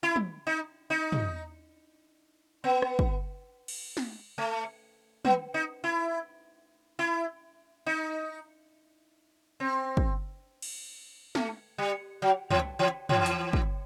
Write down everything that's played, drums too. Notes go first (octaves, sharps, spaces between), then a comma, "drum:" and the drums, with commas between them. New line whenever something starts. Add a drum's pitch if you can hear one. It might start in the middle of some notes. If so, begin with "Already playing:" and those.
E4
drum: tom
D#4
D#4
drum: tom
B3
drum: rim click
drum: kick
drum: cymbal
drum: snare
A3
B3, drum: tom
D#4
E4
E4
D#4
C4
drum: kick
drum: cymbal
A3, drum: snare
G3
F#3
E3, drum: tom
E3
E3, drum: tom
drum: hi-hat
drum: kick